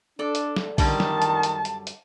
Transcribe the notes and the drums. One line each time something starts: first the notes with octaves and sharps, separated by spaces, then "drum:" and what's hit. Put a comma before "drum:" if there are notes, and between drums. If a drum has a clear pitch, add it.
D4 A4 D5
drum: hi-hat
drum: snare
F#2 D3 D#3 G3 A5, drum: kick A#1, open hi-hat
drum: snare
drum: hi-hat
drum: hi-hat
drum: hi-hat
drum: hi-hat